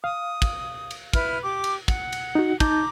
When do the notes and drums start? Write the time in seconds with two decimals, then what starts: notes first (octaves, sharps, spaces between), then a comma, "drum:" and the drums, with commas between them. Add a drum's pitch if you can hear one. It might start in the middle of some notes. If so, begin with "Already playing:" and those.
0.04 F5 D#6
0.42 drum: kick, cymbal
0.91 drum: cymbal
1.13 E4 B4 F6, drum: kick, cymbal
1.42 G4 D6
1.64 drum: cymbal
1.88 F#5, drum: kick, cymbal
2.12 drum: cymbal
2.35 D#4 F#4
2.60 D#4 A5 A#5 D6 G6, drum: kick, cymbal